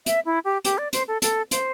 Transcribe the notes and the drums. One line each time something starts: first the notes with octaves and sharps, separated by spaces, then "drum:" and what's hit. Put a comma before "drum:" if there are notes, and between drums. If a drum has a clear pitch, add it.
E5, drum: hi-hat
E4
G4
G4, drum: hi-hat
D5
C5, drum: hi-hat
A4
A4, drum: hi-hat
C5, drum: hi-hat